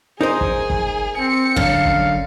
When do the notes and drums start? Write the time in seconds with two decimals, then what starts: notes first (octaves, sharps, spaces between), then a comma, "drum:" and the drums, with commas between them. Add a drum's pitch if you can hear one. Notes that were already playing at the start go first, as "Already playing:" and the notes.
0.21 D#4 G#4 A#4 C5
0.41 drum: kick G1
0.70 drum: kick G1
1.19 C4 C#7
1.56 F#2 D3 F5, drum: kick G1
1.85 drum: kick G1